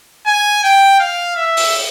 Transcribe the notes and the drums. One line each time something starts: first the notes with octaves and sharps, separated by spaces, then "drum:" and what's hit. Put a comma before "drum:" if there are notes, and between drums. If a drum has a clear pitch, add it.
G#5
G5
F5
E5
drum: open hi-hat